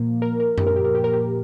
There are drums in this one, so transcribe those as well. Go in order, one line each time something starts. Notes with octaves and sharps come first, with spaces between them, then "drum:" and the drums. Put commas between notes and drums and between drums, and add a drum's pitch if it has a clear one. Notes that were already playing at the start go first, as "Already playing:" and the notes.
Already playing: A#2 F3 A#3
A#4
A#4
G4, drum: tom F#2
A#4
G4
A#4
G4
A#4
G4